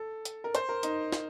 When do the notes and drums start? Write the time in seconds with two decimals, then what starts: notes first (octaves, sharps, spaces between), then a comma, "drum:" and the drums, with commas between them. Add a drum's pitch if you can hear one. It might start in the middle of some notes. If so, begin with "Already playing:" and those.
Already playing: A4
0.25 drum: hi-hat
0.44 A#4
0.55 C5, drum: hi-hat
0.69 A#4
0.83 D#4, drum: hi-hat
1.12 drum: snare